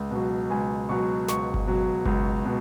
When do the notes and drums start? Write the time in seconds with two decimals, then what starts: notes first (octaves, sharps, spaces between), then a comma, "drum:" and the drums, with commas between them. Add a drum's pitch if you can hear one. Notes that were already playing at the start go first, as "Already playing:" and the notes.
Already playing: C#2
0.11 B2 F#3
0.50 C#2 G#5
0.89 B2 F#3 C#6
1.28 C#2 C#6, drum: snare
1.54 drum: kick G1
1.67 B2 F#3
2.06 C#2, drum: kick G1
2.45 B2